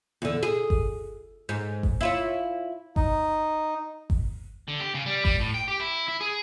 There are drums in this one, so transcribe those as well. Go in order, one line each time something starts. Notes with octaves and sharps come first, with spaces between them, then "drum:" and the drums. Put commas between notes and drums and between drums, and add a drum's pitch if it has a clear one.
E2 D3
G#4
drum: kick G1
G#2
drum: kick G1
E4 F4 C#5
D#4, drum: kick G1
drum: kick G1
D3
G4
C#3
G3
G3, drum: kick G1
A2
G5
G4
E4
E4
G#4